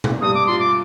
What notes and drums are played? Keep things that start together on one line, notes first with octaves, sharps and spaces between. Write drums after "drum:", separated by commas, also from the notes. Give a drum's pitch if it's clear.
drum: tom B2
G2 D#6
D6
F4 C6
D6